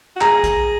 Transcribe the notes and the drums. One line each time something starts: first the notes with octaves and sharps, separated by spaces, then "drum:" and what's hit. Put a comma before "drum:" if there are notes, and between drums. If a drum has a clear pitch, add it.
F#4
G#4 A#5, drum: clap
drum: kick A#1, hi-hat